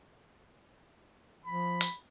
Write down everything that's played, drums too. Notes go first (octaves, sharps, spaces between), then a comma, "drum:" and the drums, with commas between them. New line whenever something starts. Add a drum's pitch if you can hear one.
F3 B5
drum: open hi-hat